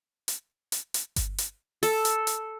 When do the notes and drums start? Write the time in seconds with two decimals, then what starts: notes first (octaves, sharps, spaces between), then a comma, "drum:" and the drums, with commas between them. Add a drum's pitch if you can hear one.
0.28 drum: hi-hat
0.72 drum: hi-hat
0.94 drum: hi-hat
1.16 drum: kick G1, hi-hat
1.38 drum: hi-hat
1.83 A4, drum: open hi-hat
2.05 drum: hi-hat
2.27 drum: hi-hat